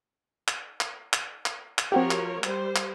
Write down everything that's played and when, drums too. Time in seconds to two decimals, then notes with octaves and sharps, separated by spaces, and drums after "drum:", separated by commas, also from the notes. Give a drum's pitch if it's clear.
0.48 drum: clap
0.81 drum: clap
1.13 drum: clap
1.46 drum: clap
1.78 drum: clap
1.92 F3 C4 F#4 G4 A#4 C#5
2.11 drum: clap
2.44 G3 C5, drum: clap
2.76 drum: clap